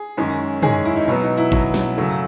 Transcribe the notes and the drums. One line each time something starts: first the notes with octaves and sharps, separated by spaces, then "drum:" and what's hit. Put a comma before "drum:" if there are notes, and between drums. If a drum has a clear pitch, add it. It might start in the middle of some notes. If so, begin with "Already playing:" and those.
Already playing: G#4
F#2 D#3 G#3 C#4
F#2 D#3 G#3 C#4 G#4, drum: tom
E4
D#4
B2 F#3 B3
D#4
E4
B2 F#3 B3, drum: kick G#1
drum: snare
F#2 C#3 F#3 A3